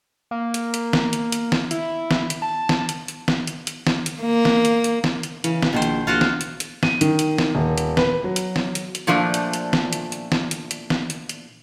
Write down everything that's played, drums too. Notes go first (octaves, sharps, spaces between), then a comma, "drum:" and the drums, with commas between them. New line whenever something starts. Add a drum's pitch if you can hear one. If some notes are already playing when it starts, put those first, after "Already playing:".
A#3
drum: hi-hat
drum: hi-hat
drum: snare
drum: hi-hat
drum: hi-hat
drum: snare
E4, drum: hi-hat
drum: snare
drum: hi-hat
A5
drum: snare
drum: hi-hat
drum: hi-hat
drum: snare
drum: hi-hat
drum: hi-hat
drum: snare
drum: hi-hat
A#3
drum: snare
drum: hi-hat
drum: hi-hat
drum: snare
drum: hi-hat
C#3 E3, drum: hi-hat
drum: snare
A#1 B2 D#3 C5
drum: hi-hat
A#1 F4 F#4 C5
drum: snare
drum: hi-hat
drum: hi-hat
D#7, drum: snare
D#3, drum: hi-hat
drum: hi-hat
drum: snare
D#1
drum: hi-hat
B4, drum: snare
F#3
drum: hi-hat
drum: snare
drum: hi-hat
drum: hi-hat
A#2 F3 A3 D4
drum: hi-hat
drum: hi-hat
drum: snare
drum: hi-hat
drum: hi-hat
drum: snare
drum: hi-hat
drum: hi-hat
drum: snare
drum: hi-hat
drum: hi-hat